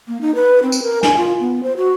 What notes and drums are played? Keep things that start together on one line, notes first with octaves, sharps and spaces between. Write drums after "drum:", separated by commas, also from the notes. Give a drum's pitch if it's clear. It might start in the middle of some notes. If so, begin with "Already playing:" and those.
A#3
D#4
B4
C4
drum: tambourine
A#4
G#5, drum: snare
F4
B3
C5
F#4